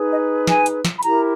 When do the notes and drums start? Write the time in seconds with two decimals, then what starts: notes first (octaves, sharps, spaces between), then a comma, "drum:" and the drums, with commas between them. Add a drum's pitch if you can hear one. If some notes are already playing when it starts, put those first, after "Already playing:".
Already playing: D#4 G#4 B4
0.10 D#5
0.47 G#5, drum: snare
0.66 drum: hi-hat
0.85 drum: snare
0.97 B5
1.03 E4 G4 A#4 A#5, drum: hi-hat